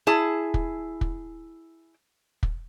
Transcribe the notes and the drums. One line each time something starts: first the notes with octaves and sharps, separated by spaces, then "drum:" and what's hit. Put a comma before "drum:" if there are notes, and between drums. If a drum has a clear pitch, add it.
E4 G#4 A5
drum: kick
drum: kick
drum: kick